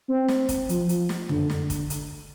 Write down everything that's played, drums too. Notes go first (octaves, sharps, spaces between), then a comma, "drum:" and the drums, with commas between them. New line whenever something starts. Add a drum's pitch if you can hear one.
C4
drum: snare
drum: kick, hi-hat
F3, drum: hi-hat
drum: hi-hat
drum: snare
D3, drum: tom F2
drum: snare
drum: kick, hi-hat
drum: hi-hat